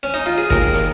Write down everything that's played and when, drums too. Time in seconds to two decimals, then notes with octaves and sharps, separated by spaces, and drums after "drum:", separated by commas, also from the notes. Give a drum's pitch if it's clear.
0.03 C#4
0.14 D#4
0.26 F4
0.38 G#4
0.50 D#2 A#4, drum: kick, hi-hat
0.73 drum: hi-hat